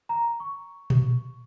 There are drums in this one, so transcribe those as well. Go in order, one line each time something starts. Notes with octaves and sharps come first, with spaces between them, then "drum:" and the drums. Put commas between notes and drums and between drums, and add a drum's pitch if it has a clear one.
A#5
C#6
drum: tom A#2